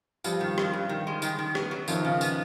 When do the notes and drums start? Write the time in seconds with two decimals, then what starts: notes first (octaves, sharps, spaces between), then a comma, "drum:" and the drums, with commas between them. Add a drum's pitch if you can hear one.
0.24 G2 F3 G3, drum: tambourine
0.41 D#3
0.58 G2, drum: rim click
0.73 G2
0.89 D#3
1.07 G#3
1.22 D#3, drum: tambourine
1.39 D#3
1.55 B3, drum: rim click
1.71 F#3
1.88 F#2 D#3 F3, drum: tambourine
2.04 C#3
2.21 B3, drum: tambourine